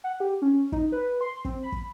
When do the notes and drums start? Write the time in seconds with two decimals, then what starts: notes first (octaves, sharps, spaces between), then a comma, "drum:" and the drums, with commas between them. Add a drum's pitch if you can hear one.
0.04 F#5
0.20 G4
0.42 C#4
0.72 D#4, drum: kick
0.92 B4
1.21 C6
1.45 C4, drum: kick
1.63 B5
1.72 drum: kick